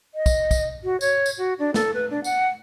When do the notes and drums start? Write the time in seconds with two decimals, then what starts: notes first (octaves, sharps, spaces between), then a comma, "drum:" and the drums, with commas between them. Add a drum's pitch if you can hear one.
0.15 D#5
0.26 drum: kick, tambourine
0.51 drum: kick, tambourine
0.84 F#4
1.01 C#5, drum: tambourine
1.26 drum: tambourine
1.38 F#4
1.59 D4
1.74 A4, drum: snare
1.94 B4
2.10 D4
2.24 F#5, drum: tambourine